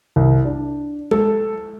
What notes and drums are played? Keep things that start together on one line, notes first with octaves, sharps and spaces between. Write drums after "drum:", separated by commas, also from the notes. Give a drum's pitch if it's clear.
C2
D4
A4, drum: tom G#3